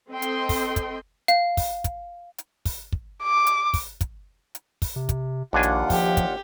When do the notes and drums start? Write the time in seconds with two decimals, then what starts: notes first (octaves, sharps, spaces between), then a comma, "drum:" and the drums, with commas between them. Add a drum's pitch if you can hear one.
0.11 C4 A4 D#5 G5 C6
0.22 drum: hi-hat
0.49 drum: kick, open hi-hat
0.76 drum: kick, hi-hat
1.28 F5, drum: hi-hat
1.57 drum: kick, open hi-hat
1.84 drum: kick, hi-hat
2.38 drum: hi-hat
2.65 drum: kick, open hi-hat
2.92 drum: kick
3.23 D6
3.47 drum: hi-hat
3.74 drum: kick, open hi-hat
4.01 drum: kick, hi-hat
4.55 drum: hi-hat
4.82 drum: kick, open hi-hat
4.96 C3
5.09 drum: kick, hi-hat
5.53 A#1 D#2 D4 F4 F#5 G#5
5.63 drum: hi-hat
5.90 F3 G4, drum: kick, open hi-hat
6.17 drum: kick, hi-hat